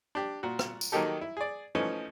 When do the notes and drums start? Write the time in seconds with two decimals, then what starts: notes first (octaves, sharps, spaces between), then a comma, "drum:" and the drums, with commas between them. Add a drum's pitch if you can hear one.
0.15 D4 G4
0.43 A#2 F#4
0.59 drum: rim click
0.81 drum: tambourine
0.92 D#3 F#3 A#3 D#4 G4 A4
1.21 E4
1.37 G#4 D5
1.75 E3 F3 A3 C#4 D#4